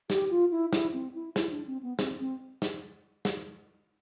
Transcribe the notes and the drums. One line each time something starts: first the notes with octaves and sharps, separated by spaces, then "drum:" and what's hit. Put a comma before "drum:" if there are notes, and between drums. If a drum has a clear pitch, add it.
G4, drum: snare
F4
E4
E4, drum: snare
C4
E4
E4, drum: snare
D4
C4
B3
C4, drum: snare
C4
drum: snare
drum: snare